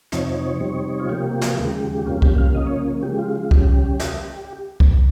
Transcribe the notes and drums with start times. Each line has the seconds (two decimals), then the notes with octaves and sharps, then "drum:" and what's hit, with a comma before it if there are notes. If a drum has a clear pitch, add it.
0.12 F2 C3 F3 C4 D#4 C#5, drum: snare
0.60 C3 G3 C4 D#4
1.00 F4
1.09 C3 F3 A#3 G4
1.41 drum: snare
1.58 D#2 C#3 F3 G#3
2.06 F2 C3 G3 A#3 C#4 F4
2.22 G4, drum: kick C2
2.38 F5
2.54 C#3 F3 A#3 C#4 D#5
2.67 C#5
3.03 C#3 F3 G#3 G4
3.19 F4
3.36 F4
3.51 D#2 C#3 G3 C#4 G4, drum: kick C2
4.00 drum: snare
4.80 drum: kick C2